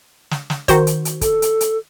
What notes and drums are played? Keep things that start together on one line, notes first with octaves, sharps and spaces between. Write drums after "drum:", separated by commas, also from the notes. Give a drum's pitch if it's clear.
drum: snare
drum: snare
D#3 F#4 C5, drum: kick, hi-hat
drum: hi-hat
drum: hi-hat
A4, drum: kick, hi-hat
drum: hi-hat
drum: hi-hat